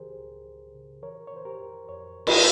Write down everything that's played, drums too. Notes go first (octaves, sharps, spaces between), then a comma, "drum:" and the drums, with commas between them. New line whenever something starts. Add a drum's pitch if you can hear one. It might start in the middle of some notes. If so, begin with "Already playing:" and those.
Already playing: C#2 C#3 E3 G4 G#4 A#4 C5
C#2
C#2
C#3
E3 A#4 C#5
C#5
E3 C5
G4 A#4
F2
F2 C#5
drum: cymbal